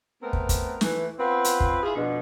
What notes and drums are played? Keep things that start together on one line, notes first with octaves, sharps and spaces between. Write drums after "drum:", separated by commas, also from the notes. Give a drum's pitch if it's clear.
A3 B3 C4 A#4
drum: kick
drum: kick, hi-hat
E3 A3, drum: snare
B3 C4 F4 B4
drum: hi-hat
drum: kick
E4 F4 G#4
F2 B2 D3